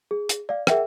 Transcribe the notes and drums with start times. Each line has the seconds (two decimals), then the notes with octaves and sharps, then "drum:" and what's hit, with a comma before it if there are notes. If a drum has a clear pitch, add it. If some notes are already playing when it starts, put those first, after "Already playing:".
0.11 G#4
0.29 drum: hi-hat
0.49 D5 F5
0.67 G#4 A#4 E5 F#5 G5, drum: rim click